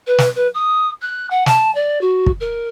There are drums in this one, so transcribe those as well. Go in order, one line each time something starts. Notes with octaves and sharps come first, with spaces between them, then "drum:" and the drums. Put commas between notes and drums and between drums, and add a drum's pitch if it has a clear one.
B4
drum: snare
B4
D#6
F#6
F#5
A5, drum: snare
D5
F#4
drum: kick
A#4